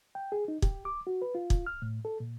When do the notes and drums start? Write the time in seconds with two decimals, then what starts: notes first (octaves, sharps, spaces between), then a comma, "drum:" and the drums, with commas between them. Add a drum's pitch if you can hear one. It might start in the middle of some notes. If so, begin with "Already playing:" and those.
0.15 G5
0.32 G#4
0.48 D#4
0.62 G4, drum: kick
0.85 D6
1.07 F#4
1.22 B4
1.35 F4
1.50 drum: kick
1.67 F6
1.82 A2
2.05 A4
2.20 A#2